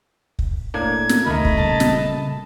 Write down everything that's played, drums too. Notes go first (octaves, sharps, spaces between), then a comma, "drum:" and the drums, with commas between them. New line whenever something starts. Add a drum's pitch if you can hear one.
drum: kick
A2 A#3 D4 G#6
drum: snare
D2 D#3 A3 A#4 D#5 B5
drum: kick
A#2 C#3 G3 A5
drum: snare